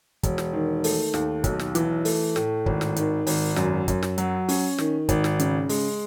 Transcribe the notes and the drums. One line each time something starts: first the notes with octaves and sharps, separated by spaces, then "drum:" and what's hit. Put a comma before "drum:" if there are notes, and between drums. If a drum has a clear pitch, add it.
E1, drum: kick, hi-hat
drum: snare
D#3
A3, drum: open hi-hat
D#2, drum: snare
B1, drum: kick, hi-hat
drum: snare
E3, drum: hi-hat
A3, drum: open hi-hat
A2, drum: snare
G#1, drum: kick
drum: snare
D#3, drum: hi-hat
G#1, drum: open hi-hat
F#2, drum: snare
F#2, drum: kick, hi-hat
drum: snare
F#3, drum: hi-hat
C#4, drum: open hi-hat
D#3, drum: snare
G#1, drum: kick, hi-hat
drum: snare
C#3, drum: hi-hat
G#3, drum: open hi-hat